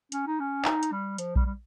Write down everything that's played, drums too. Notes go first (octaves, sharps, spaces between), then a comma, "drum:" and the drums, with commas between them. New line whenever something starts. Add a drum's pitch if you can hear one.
C#4, drum: hi-hat
D#4
C#4
D#4, drum: clap
drum: hi-hat
G3
F3, drum: hi-hat
G3, drum: kick A#1
G3